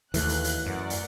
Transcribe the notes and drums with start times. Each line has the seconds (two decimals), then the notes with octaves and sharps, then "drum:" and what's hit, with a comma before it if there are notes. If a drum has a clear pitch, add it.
0.14 D#2 E3 A3 F#6, drum: hi-hat
0.29 drum: hi-hat
0.44 drum: hi-hat
0.66 F#2 A#4 D5 F#5
0.90 drum: hi-hat